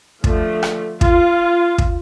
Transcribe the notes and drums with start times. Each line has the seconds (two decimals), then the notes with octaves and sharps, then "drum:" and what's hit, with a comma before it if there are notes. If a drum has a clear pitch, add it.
0.24 D3 F3 A3, drum: kick
0.63 drum: rim click
1.01 F4, drum: kick
1.78 drum: kick